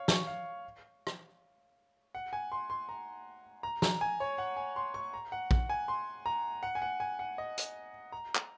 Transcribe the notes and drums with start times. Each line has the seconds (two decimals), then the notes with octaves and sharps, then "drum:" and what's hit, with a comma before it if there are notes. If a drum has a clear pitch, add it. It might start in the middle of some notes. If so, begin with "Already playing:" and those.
Already playing: C#5 F5
0.08 C#6, drum: snare
0.27 F5
1.07 drum: rim click
2.15 F#5
2.33 G#5
2.52 C6
2.70 C6
2.89 A#5
3.63 A#5
3.82 A#5, drum: snare
4.01 G#5
4.20 C#5
4.38 F#5
4.57 G#5
4.76 C6
4.94 C#6
5.14 A#5
5.32 F#5
5.51 F#5, drum: kick
5.70 G#5
5.88 C6
6.26 A#5
6.63 F#5
6.75 G#5
6.82 F#5
7.00 G#5
7.19 F#5
7.38 D#5
7.58 drum: hi-hat
8.12 A#5
8.35 drum: clap